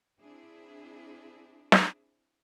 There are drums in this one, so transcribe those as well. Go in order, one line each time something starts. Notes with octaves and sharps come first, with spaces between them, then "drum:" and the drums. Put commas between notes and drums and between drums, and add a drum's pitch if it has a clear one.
C4 D4 E4 G#4
drum: snare